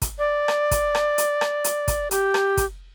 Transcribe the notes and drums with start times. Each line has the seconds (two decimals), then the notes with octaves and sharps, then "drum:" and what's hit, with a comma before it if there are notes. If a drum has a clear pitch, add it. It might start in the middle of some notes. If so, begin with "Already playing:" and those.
0.02 drum: kick, hi-hat
0.19 D5
0.48 drum: rim click
0.71 drum: kick, hi-hat
0.95 drum: rim click
1.18 drum: hi-hat
1.41 drum: rim click
1.64 drum: hi-hat
1.88 drum: kick, hi-hat
2.11 G4, drum: hi-hat
2.34 drum: rim click
2.57 drum: kick, hi-hat